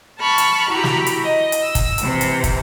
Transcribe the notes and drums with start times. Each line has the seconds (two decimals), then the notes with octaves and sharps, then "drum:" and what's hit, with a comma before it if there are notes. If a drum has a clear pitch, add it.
0.19 A5 B5 C#6 F6
0.38 drum: hi-hat
0.68 E4 F#4 G4 A#5 B5
0.84 drum: snare
1.07 drum: hi-hat
1.24 D#5
1.52 drum: hi-hat
1.62 E6
1.75 drum: kick, hi-hat
1.98 C3 E3, drum: hi-hat
2.21 drum: hi-hat
2.44 drum: kick, hi-hat